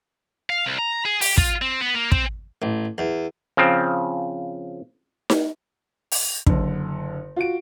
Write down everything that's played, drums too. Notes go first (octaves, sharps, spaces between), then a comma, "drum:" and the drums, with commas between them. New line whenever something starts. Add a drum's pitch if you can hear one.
F5
C2
A#5
G#4
G4, drum: open hi-hat
F4, drum: kick
C4
B3
A#3
C4, drum: kick
A1
E2
C#3 F3 C4
drum: snare D#4
drum: open hi-hat
F#1 D3, drum: kick
F4 F#4 D7